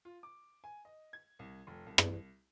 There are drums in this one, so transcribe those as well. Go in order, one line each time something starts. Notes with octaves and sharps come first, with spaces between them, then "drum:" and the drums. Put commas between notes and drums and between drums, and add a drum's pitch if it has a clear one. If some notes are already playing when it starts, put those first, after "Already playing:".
F4
D6
G#5
D#5
G#6
C2
F1
C2
drum: rim click